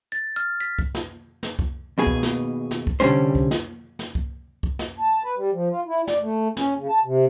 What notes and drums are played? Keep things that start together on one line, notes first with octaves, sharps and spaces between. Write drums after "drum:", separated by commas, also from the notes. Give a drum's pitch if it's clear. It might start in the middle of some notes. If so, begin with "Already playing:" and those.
A6
F6
B6
drum: kick C2
drum: snare
drum: snare
drum: kick C2
D#2 B2 G#4
drum: kick C2
drum: snare
drum: snare
drum: kick C2
C2 D3 D#3 G3 C#4 C5
drum: kick C2
drum: snare
drum: snare
drum: kick C2
drum: kick C2
drum: snare
A5
B4
G3
F3
F4
E4
D5, drum: snare
A3
C#4, drum: snare
C#3
A5
C3